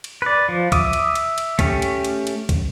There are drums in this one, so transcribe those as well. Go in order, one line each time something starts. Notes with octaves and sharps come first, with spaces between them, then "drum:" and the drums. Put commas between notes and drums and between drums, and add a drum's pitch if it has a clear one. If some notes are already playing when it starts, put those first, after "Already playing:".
drum: cymbal
B4 D5
F3
E5 D6 D#6, drum: kick, cymbal
drum: cymbal
drum: cymbal
drum: cymbal
A3 C#4 G4, drum: kick, cymbal
drum: cymbal
drum: cymbal
drum: cymbal
drum: kick, cymbal